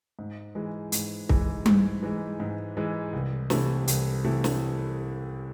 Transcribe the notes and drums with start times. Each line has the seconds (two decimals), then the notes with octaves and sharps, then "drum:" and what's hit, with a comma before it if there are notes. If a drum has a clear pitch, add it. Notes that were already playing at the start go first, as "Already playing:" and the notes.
0.19 G#2
0.55 E3 G#3
0.92 G#2, drum: hi-hat
1.29 E3 G#3, drum: kick
1.66 G#2, drum: tom G3
2.03 E3 G#3
2.40 G#2
2.77 E3 G#3
3.13 C2
3.50 C3 E3 A3 E4, drum: snare
3.88 C2, drum: hi-hat
4.24 C3 E3 A3 E4
4.44 drum: snare